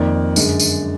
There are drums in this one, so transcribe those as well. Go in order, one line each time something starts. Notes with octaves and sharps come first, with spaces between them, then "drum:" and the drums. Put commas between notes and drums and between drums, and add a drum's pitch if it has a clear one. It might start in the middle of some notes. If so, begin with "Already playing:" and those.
Already playing: F2 D#3 A#3 D5
F#2 D3 G#3, drum: tambourine
drum: tambourine